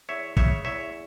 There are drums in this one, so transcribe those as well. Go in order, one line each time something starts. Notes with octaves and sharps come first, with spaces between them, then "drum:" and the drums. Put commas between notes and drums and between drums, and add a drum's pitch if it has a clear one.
E2 C#5 E5
C#3 C#5 E5, drum: kick
E2 C#5 E5